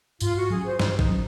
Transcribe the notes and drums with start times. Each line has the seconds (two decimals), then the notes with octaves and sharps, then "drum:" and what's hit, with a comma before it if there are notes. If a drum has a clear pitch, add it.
0.20 G#2 F4, drum: tambourine
0.36 F#4
0.50 F#3 C#4 G#4
0.65 C5
0.79 G#2 C5, drum: snare
0.99 D#4, drum: kick A1
1.08 F#3 C#4